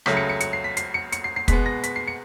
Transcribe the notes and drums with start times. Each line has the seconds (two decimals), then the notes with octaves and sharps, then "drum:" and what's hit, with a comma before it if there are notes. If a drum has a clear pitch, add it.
0.06 C#2 C#3 F#3 A3 B6, drum: rim click
0.17 C#7
0.29 C#7
0.40 C#7, drum: hi-hat
0.53 C7
0.64 B6
0.77 C7, drum: hi-hat
0.94 C#7
1.12 C#7, drum: hi-hat
1.24 C7
1.36 C7
1.48 B2 G#3 B3 B6, drum: kick, hi-hat
1.66 A#6
1.84 B6, drum: hi-hat
1.96 C7
2.07 C#7